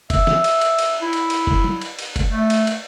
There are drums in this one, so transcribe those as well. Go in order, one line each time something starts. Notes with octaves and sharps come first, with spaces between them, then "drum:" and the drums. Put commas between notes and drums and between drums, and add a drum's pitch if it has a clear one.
E5, drum: kick, cymbal
drum: snare
drum: cymbal
drum: cymbal
drum: cymbal
E4
drum: cymbal
drum: cymbal
drum: kick
drum: tom
drum: cymbal
drum: cymbal
drum: kick, cymbal
A3
drum: cymbal
drum: cymbal